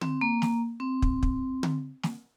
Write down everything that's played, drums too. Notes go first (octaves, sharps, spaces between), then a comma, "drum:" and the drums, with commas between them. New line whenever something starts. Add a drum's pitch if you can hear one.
C4, drum: tom D3
A#3
drum: snare
C4
drum: kick
drum: kick
drum: tom D3
drum: snare